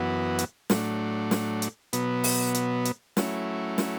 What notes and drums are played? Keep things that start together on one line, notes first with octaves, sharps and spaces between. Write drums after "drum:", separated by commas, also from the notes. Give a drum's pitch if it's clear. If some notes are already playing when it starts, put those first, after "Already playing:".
Already playing: F#2 E3 B3 F#4
drum: hi-hat
A2 F#3 A3 D4, drum: snare
drum: snare
drum: hi-hat
B2 F#3 B3, drum: hi-hat
drum: open hi-hat
drum: hi-hat
drum: hi-hat
F#3 A3 C#4 E4, drum: snare
drum: snare